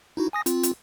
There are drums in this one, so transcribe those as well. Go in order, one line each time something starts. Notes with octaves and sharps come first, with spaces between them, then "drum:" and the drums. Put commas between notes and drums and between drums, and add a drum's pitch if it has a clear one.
D#4 E4 F#4
G#5 D#6 A#6
C4 F4, drum: hi-hat
drum: hi-hat